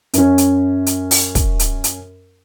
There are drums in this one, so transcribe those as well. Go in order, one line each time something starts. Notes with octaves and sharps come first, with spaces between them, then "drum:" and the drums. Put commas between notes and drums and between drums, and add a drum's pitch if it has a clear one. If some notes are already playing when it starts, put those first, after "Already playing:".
F#2 C#4, drum: hi-hat
drum: hi-hat
drum: hi-hat
drum: open hi-hat
drum: kick, hi-hat
drum: hi-hat
drum: hi-hat